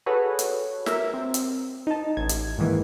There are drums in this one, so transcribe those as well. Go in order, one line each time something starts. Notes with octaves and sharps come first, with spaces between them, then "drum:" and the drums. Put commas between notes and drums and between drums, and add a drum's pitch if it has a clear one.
F#4 G#4 A4 B4 C#5
drum: hi-hat
A#4 E5, drum: snare
C4
drum: hi-hat
D#4 A5
A1 G#6
drum: hi-hat
G#2 D#3 E3 A#3